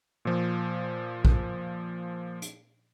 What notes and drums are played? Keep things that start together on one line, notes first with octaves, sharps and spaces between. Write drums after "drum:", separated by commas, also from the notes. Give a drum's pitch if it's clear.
A#2 F3
drum: kick
drum: hi-hat